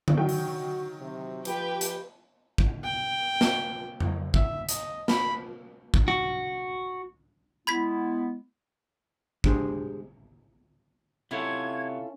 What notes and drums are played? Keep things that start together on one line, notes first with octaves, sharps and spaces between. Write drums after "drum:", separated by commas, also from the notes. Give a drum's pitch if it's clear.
drum: tom D3
D#3 F#3 F#4 G5
drum: open hi-hat
C3
F3 G4 B4 G5, drum: hi-hat
drum: hi-hat
drum: kick
G5
drum: snare
drum: tom F2
E5, drum: kick
D#5, drum: hi-hat
B5, drum: snare
drum: kick
F#4
G#3 B3 E4 B5 G#6 B6
G#3 D4 G4 G#4 C5, drum: kick
C3 C#4 E4 F4 A4 C#5 F#5 G#6